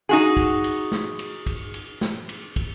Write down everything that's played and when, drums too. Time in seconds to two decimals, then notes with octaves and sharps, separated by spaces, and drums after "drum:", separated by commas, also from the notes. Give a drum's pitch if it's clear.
0.09 D#4 F#4 G#4
0.37 drum: kick, cymbal
0.64 drum: cymbal
0.92 drum: snare
1.19 drum: cymbal
1.46 drum: kick, cymbal
1.74 drum: cymbal
2.01 drum: snare
2.29 drum: cymbal
2.56 drum: kick, cymbal